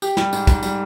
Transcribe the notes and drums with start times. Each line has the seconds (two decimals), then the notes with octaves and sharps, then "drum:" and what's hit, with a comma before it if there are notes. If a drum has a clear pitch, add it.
0.02 G4, drum: tambourine
0.17 G3, drum: snare
0.33 G#2, drum: tambourine
0.47 G#2, drum: kick, tambourine
0.63 G3, drum: tambourine